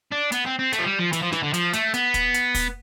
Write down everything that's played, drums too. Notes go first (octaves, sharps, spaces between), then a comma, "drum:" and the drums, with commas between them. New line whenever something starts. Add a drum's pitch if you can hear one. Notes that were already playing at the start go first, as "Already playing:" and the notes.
D4
B3, drum: hi-hat
C4
C4
A3, drum: hi-hat
F3
G3
F3
E3, drum: hi-hat
F3
E3, drum: snare
D3
F3, drum: hi-hat
A3, drum: hi-hat
B3, drum: hi-hat
drum: kick, hi-hat
drum: hi-hat
drum: kick, open hi-hat